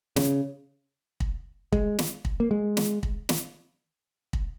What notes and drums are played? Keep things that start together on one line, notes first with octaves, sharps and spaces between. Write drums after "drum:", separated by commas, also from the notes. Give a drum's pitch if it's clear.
C#3, drum: snare
drum: kick
G#3, drum: kick
drum: snare
drum: kick
A#3
G#3
drum: snare
drum: kick
drum: snare
drum: kick